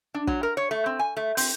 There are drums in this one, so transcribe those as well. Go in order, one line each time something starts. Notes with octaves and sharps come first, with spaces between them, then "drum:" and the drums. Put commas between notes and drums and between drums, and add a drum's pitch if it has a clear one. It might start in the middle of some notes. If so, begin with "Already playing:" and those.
D4
F#3, drum: kick
A#4
C#5
A3
C4
G#5
A3
C4, drum: open hi-hat